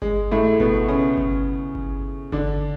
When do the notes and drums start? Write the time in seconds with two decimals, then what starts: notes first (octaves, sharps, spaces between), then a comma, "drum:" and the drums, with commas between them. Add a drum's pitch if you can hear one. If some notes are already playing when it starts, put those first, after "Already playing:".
0.02 G#3, drum: kick G1
0.31 A2 A3
0.60 B2 B3, drum: kick G1
0.88 C#3 C#4
1.17 drum: kick G1
1.75 drum: kick G1
2.32 D3 D4, drum: kick G1